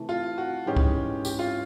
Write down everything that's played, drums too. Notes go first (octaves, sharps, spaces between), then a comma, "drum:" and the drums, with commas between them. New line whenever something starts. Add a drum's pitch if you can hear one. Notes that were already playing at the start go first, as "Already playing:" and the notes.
Already playing: C3 E3 A3
F4
F#4
G#2 E3 G#3 C#4 G4
drum: kick C#2
G4, drum: tambourine
F4